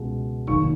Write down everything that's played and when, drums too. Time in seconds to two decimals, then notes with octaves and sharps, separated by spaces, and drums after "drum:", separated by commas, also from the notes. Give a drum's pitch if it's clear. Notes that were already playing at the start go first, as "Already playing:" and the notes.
Already playing: C#2 B2 G#3
0.47 F1 D#2 D#3 F#3 C#6, drum: kick